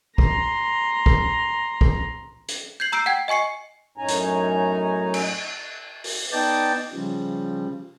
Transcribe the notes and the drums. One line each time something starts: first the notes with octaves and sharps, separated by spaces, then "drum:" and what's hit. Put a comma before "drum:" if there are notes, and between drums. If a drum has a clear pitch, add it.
A#5 C6, drum: kick
drum: kick
drum: kick
drum: hi-hat
G6 G#6 C7 F#7
A#5 E6 G6 C7 D7
F#5 G5 G#6
D#5 G#5 C#6 C7 C#7
F#2 A2 C#4 D#4 G#5 A#5
drum: hi-hat
drum: cymbal
drum: open hi-hat
B3 D#4 D5 G5 A5
C#3 F3 G3